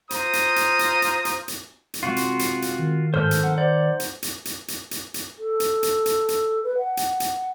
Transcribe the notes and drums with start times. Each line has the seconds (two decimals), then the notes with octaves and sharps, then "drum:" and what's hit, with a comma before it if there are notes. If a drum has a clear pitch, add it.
0.10 F4 C5 A#5 D#6, drum: hi-hat
0.33 drum: hi-hat
0.56 drum: hi-hat
0.79 drum: hi-hat
1.02 drum: hi-hat
1.25 drum: hi-hat
1.48 drum: hi-hat
1.94 drum: hi-hat
2.03 C3 G#3 F4 F#4
2.17 drum: hi-hat
2.39 drum: hi-hat
2.62 drum: hi-hat
2.79 D#3
3.14 G#2 A4 C5 F6 G6
3.31 drum: hi-hat
3.43 D#4 F#5
3.58 C5 D5
4.00 drum: hi-hat
4.23 drum: hi-hat
4.45 drum: hi-hat
4.68 drum: hi-hat
4.91 drum: hi-hat
5.14 drum: hi-hat
5.39 A4
5.60 drum: hi-hat
5.83 drum: hi-hat
6.06 drum: hi-hat
6.29 drum: hi-hat
6.64 B4
6.78 F#5
6.97 drum: hi-hat
7.20 drum: hi-hat